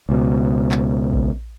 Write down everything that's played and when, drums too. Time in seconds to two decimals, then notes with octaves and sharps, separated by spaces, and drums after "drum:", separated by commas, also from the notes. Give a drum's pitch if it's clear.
0.09 C#2 B2
0.72 drum: clap
1.13 drum: kick A#1